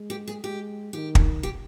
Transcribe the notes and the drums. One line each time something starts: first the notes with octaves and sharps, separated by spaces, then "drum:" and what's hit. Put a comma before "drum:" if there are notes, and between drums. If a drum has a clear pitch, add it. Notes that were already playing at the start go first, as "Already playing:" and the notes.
Already playing: G#3
G4
G#4
G#3 G4
D#3 G4
drum: kick
G4